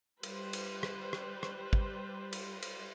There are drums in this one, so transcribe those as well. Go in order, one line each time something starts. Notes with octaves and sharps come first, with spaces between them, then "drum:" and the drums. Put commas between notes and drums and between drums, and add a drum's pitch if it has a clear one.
G3 B4 C5, drum: cymbal
drum: cymbal
drum: rim click
drum: rim click
drum: rim click
drum: kick
drum: cymbal
drum: cymbal